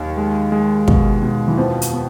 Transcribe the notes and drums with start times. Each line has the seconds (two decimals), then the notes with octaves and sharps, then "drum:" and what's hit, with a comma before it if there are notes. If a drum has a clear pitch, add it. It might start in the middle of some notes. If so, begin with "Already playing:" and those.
Already playing: D#2 D#3
0.17 G#3
0.52 G#3
0.88 B2, drum: kick
1.22 B2
1.48 E3
1.57 F2 F3 B3
1.82 drum: hi-hat
1.93 B3